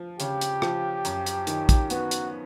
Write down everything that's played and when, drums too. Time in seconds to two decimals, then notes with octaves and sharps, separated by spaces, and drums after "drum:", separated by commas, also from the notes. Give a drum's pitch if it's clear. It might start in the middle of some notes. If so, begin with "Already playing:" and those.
Already playing: F3
0.20 C#3 G4, drum: hi-hat
0.41 drum: hi-hat
0.62 F3, drum: rim click
1.05 F#2, drum: hi-hat
1.26 drum: hi-hat
1.47 D#3, drum: hi-hat
1.69 drum: kick, hi-hat
1.90 B3 F#4, drum: hi-hat
2.11 drum: hi-hat